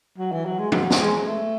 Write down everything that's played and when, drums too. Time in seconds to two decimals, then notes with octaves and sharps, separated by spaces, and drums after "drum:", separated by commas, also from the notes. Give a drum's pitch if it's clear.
0.18 F#3
0.32 E3
0.45 F#3
0.59 G#3
0.72 F#3, drum: tom
0.90 drum: snare
1.00 G#3
1.27 A3